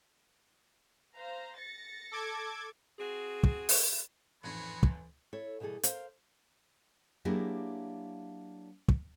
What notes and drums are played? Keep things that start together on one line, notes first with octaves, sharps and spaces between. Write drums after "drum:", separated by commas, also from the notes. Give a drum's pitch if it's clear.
C5 F5 A#5
A6 A#6 C#7
A4 D6 G#6
C4 F#4 G#4
drum: kick
drum: open hi-hat
A1 F2 G#2 E3 F#4 G#4 C#5 B5
drum: kick
E4 A4 C#5
B2 E3 G3 G#4 A4
A#4 C5 F5, drum: hi-hat
F#3 A#3 D4 E4 G4 G#4
drum: kick